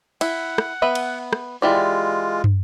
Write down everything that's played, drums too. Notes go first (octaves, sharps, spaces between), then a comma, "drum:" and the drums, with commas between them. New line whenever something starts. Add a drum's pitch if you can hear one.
E4 F#5, drum: cymbal
drum: rim click
B3 B4 E5
drum: cymbal
drum: rim click
E3 G#3 F4 G4 D5
drum: tom